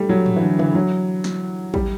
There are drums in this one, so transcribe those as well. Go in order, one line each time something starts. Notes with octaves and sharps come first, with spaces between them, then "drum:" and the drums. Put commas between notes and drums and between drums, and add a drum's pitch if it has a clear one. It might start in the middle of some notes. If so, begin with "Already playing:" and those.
Already playing: G3 A3
F#3
drum: tom G#2
E3
D3
E3, drum: tom C#3
F#3
drum: snare
G3, drum: kick A1